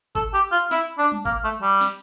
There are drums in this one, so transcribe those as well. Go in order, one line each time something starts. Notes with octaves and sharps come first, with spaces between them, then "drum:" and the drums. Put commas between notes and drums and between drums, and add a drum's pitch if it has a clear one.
A4, drum: kick G#1
G4
F4
E4, drum: snare
D4
drum: tom G3
A#3, drum: kick G#1
A3
G3
drum: snare